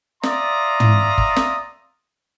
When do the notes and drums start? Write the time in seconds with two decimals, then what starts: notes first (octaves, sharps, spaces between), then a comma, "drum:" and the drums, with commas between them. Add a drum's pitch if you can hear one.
0.23 D5 E5 F5 A#5 C6 D#6, drum: snare
0.80 drum: tom
1.18 drum: kick G1
1.36 drum: snare